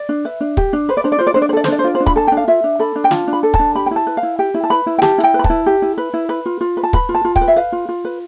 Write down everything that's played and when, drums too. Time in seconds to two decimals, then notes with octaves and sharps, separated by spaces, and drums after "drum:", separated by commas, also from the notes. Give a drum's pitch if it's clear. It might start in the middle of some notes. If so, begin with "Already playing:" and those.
Already playing: D5
0.09 D4
0.25 B4 E5
0.41 D4
0.57 G4, drum: kick
0.73 D4
0.89 B4 C5
0.97 D5
1.04 D4 C5
1.12 D5
1.19 F4 C5
1.27 D5
1.34 D4 C5
1.42 D5
1.49 C5
1.53 A4 D5
1.64 C5, drum: snare
1.68 D4 D5
1.79 C5
1.84 F4 D5
1.95 C5
2.00 D4
2.06 B5, drum: kick
2.16 A4 A5
2.27 G5
2.32 D4
2.37 F5
2.48 F4 E5
2.64 D4
2.79 A4 B5
2.96 D4
3.04 G5
3.11 F4 A5, drum: snare
3.28 D4
3.33 B5
3.43 A4
3.54 A5, drum: kick
3.59 D4
3.75 G4 B5
3.86 G5
3.91 E4 A5
4.07 B4
4.17 F5
4.23 E4
4.39 G4 G5
4.54 E4
4.64 A5
4.70 B4 B5
4.86 E4
4.98 G5
5.02 G4 A5, drum: snare
5.18 E4
5.24 G5
5.34 B4
5.39 B5
5.44 A5, drum: kick
5.50 E4
5.66 G4
5.82 E4
5.98 B4
6.14 E4
6.29 B4
6.46 F4
6.61 F4
6.77 B4
6.83 A5
6.93 B4 B5, drum: kick
7.09 F4
7.15 A5
7.25 F4
7.36 G5, drum: kick
7.41 B4
7.48 E5
7.56 B4 F5
7.72 F4
7.89 F4
8.05 B4